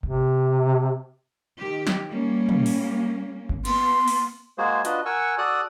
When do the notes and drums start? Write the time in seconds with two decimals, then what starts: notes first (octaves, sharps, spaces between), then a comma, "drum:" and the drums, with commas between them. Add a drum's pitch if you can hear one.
0.03 C3, drum: kick G1
1.57 D#3 G4
1.87 drum: snare
2.08 G3 A#3 C#4
2.49 drum: tom
2.66 drum: open hi-hat
3.49 drum: kick G1
3.65 B3 C6, drum: cymbal
4.08 drum: open hi-hat
4.58 G#3 A#3 F#4 G#4 C5
4.85 D4 F4 F#4 B4 D#5, drum: hi-hat
5.06 A#4 F#5 G#5 C#6 E6
5.38 F#4 A4 D5 D#6 F#6